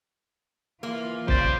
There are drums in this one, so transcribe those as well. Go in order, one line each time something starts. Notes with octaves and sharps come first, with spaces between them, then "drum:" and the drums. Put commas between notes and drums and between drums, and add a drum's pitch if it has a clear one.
E3 A#3 F4
C#3 G4 C5 D5, drum: kick